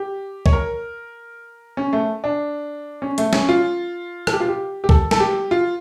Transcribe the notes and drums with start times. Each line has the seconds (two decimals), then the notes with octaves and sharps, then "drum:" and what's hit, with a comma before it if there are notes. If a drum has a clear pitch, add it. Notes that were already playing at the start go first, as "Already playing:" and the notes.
Already playing: G4
0.46 C#5, drum: kick C2
0.53 A#4
1.77 C#4
1.93 A3
2.24 D4
3.02 C#4
3.18 A3, drum: hi-hat
3.33 C#4, drum: snare
3.49 F4
4.27 A4, drum: rim click
4.33 G4
4.40 F4
4.48 G4
4.84 G4
4.89 A4, drum: kick C2
5.11 A4, drum: snare
5.20 G4
5.51 F4